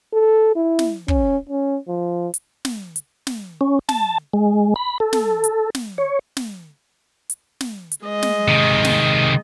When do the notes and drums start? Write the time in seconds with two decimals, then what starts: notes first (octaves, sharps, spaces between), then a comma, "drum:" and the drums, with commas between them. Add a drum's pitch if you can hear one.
0.13 A4
0.56 E4
0.79 drum: snare
1.08 C#4, drum: kick
1.49 C#4
1.88 F3
2.34 drum: hi-hat
2.65 drum: snare
2.96 drum: hi-hat
3.27 drum: snare
3.61 C#4
3.89 A5, drum: snare
4.34 G#3
4.76 B5
5.00 A4
5.13 drum: snare
5.44 drum: hi-hat
5.75 drum: snare
5.98 C#5
6.37 drum: snare
7.30 drum: hi-hat
7.61 drum: snare
7.92 drum: hi-hat
8.05 G#3 D#5
8.23 drum: snare
8.48 C3 D#3
8.84 drum: snare